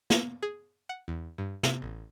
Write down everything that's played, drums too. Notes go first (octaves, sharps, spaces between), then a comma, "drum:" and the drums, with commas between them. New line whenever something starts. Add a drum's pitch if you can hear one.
A#3, drum: snare
G#4
F#5
E2
G2
C3, drum: snare
A1